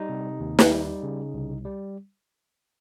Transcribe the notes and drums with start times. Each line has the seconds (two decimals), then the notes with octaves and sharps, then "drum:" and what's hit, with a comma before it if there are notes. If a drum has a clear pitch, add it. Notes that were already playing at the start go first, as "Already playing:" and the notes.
Already playing: G3 D#4
0.09 C3
0.40 D#2
0.59 drum: snare
0.71 G3
1.03 C#3
1.34 C2
1.65 G3